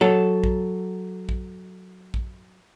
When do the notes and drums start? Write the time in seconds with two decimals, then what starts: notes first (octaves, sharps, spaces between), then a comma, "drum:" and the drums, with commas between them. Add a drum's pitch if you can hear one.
0.01 F#3 A4
0.44 drum: kick
1.29 drum: kick
2.14 drum: kick